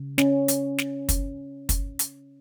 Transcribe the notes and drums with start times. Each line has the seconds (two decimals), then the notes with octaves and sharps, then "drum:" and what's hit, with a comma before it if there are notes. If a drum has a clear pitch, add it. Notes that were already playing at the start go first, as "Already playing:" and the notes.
Already playing: C#3
0.18 C#4, drum: snare
0.48 drum: hi-hat
0.78 drum: snare
1.09 drum: kick, hi-hat
1.69 drum: kick, hi-hat
1.99 drum: hi-hat